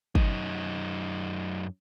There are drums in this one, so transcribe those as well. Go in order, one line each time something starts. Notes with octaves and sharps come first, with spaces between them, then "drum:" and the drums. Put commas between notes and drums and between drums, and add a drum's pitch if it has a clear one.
F#2 D#4, drum: kick